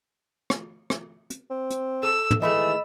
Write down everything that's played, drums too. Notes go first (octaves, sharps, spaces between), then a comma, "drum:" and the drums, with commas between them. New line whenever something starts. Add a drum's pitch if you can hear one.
drum: rim click
drum: rim click
drum: hi-hat
C4
drum: hi-hat
A4 E6
drum: tom
D#3 E3 G#3 A3 D#5 B5 E6